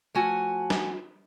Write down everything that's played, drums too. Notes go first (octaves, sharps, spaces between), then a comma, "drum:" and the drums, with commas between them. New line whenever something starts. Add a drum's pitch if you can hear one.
F3 A3 F#4 G#5
drum: snare